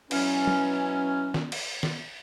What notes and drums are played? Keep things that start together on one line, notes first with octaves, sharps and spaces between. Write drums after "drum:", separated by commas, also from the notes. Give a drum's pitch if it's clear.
B2 E3 F#3 C#4, drum: cymbal
drum: tom
drum: snare
drum: cymbal
drum: snare